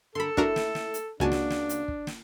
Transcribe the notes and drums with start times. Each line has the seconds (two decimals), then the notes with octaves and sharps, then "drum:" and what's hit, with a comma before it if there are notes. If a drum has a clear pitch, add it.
0.15 D3 A4 A#4 B5 C6
0.37 A3 D4 E4 F#4 A#4, drum: kick
0.56 drum: snare
0.75 drum: snare
0.94 drum: hi-hat
1.20 C#2 C#3 A#3 D4 F#4 G#5 A5
1.32 drum: snare
1.50 drum: snare
1.69 drum: hi-hat
1.88 drum: kick
2.07 drum: snare